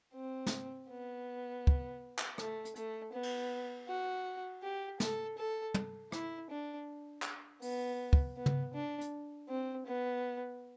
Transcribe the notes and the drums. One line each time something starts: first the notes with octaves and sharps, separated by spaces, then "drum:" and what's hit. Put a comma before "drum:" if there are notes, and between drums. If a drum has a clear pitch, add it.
C4
drum: snare
B3
drum: kick
drum: clap
A3, drum: rim click
drum: hi-hat
A3, drum: hi-hat
B3
drum: cymbal
F#4
G4
A4, drum: snare
A4
drum: tom
E4, drum: rim click
D4
drum: clap
B3, drum: open hi-hat
drum: kick
B3
drum: tom
D4
drum: hi-hat
C4
B3